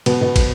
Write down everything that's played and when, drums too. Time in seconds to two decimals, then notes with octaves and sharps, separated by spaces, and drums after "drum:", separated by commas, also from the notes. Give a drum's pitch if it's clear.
0.06 B2 B3, drum: cymbal
0.21 B2 B3
0.36 drum: kick, cymbal